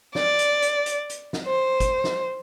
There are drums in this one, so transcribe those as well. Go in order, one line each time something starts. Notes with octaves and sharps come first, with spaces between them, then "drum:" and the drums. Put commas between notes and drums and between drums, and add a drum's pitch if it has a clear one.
D5, drum: snare
drum: hi-hat
drum: hi-hat
drum: hi-hat
drum: hi-hat
drum: snare
C5
drum: kick G1, hi-hat
drum: snare